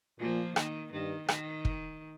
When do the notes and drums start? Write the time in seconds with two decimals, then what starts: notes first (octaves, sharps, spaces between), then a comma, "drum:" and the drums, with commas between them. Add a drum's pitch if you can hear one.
0.19 A#2 F3 A#3
0.56 D#3, drum: rim click
0.92 G2 D#3
1.28 D#3, drum: rim click
1.65 drum: kick